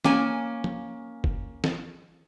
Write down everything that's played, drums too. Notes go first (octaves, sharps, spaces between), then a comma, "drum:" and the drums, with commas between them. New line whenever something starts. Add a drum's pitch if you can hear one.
A#3 C#4 G#5, drum: snare
drum: tom
drum: kick
drum: snare